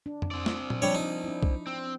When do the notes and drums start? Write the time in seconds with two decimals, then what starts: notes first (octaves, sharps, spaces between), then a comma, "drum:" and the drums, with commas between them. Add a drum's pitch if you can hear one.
0.06 D4
0.22 drum: tom F2
0.31 C4 D5
0.46 drum: snare
0.70 drum: tom A#2
0.82 F3 G3 D4 C#5
0.95 D#4
1.24 D4 E4
1.43 drum: kick B1
1.67 C4